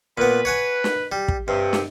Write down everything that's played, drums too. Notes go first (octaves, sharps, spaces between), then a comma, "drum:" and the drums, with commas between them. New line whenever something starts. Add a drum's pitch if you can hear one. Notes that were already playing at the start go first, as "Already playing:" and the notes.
A#2 B3 B4
C#5 F#5 G#5
drum: snare
G3
drum: kick
G2 C3
drum: snare